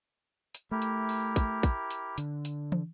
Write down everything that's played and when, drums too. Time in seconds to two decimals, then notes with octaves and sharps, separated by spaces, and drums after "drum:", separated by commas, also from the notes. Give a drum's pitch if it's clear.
0.55 drum: hi-hat
0.71 A3 E4 G4 A#4
0.82 drum: hi-hat
1.09 drum: open hi-hat
1.36 drum: kick, hi-hat
1.63 drum: kick, hi-hat
1.91 drum: hi-hat
2.18 D3, drum: hi-hat
2.45 drum: hi-hat
2.72 drum: tom